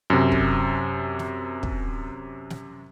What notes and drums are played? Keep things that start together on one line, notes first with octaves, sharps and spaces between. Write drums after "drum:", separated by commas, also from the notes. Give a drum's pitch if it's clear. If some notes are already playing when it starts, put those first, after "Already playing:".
F#2 C3
drum: kick
drum: snare
drum: kick
drum: snare